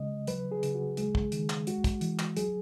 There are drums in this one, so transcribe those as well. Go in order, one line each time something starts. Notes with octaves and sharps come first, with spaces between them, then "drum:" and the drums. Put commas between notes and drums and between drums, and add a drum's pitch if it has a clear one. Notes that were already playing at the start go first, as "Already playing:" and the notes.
Already playing: C#3 G#3 D#5
F#3 B4, drum: hi-hat
G#4
C#3, drum: hi-hat
F#4
G#3 G#4, drum: hi-hat
drum: kick
D#3, drum: hi-hat
drum: clap
G#3 F#4, drum: hi-hat
drum: kick, hi-hat
E3, drum: hi-hat
drum: clap
F#3 G#4, drum: hi-hat